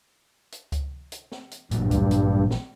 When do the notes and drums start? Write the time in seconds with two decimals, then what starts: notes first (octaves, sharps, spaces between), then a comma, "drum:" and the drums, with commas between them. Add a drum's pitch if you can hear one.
0.52 drum: hi-hat
0.72 drum: kick C#2, hi-hat
1.12 drum: hi-hat
1.32 drum: snare
1.51 drum: hi-hat
1.71 A1 G2 A#2 F#3, drum: hi-hat
1.91 drum: kick C#2, hi-hat
2.11 drum: hi-hat
2.50 drum: snare